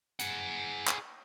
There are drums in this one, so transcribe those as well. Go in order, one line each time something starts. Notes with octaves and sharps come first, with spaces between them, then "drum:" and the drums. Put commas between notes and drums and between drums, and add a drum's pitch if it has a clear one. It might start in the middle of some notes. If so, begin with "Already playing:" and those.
G#4 F#5, drum: hi-hat
drum: clap